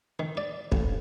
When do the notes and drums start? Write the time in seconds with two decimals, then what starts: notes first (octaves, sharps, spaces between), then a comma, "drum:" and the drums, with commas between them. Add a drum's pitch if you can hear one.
0.19 D#3
0.37 D5
0.72 A1, drum: kick